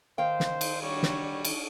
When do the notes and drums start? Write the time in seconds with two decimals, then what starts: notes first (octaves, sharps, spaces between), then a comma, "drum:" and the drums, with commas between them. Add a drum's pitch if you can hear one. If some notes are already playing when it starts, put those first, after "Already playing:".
0.18 D#3 C5 F5 G5
0.40 drum: snare
0.61 drum: cymbal
0.82 G3 D4 F#4 C#5
1.03 drum: snare
1.45 drum: cymbal